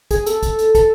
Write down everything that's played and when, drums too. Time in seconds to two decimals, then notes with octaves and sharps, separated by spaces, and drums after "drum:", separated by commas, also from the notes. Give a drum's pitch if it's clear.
0.11 G#4, drum: kick, hi-hat
0.26 A4, drum: hi-hat
0.43 drum: kick, hi-hat
0.59 drum: hi-hat
0.75 A4, drum: kick, hi-hat